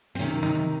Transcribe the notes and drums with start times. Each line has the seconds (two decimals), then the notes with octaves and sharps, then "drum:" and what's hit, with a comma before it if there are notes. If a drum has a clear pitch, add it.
0.15 C4, drum: snare
0.19 C3 D#3 A#3 C#4
0.43 D#4, drum: tom E3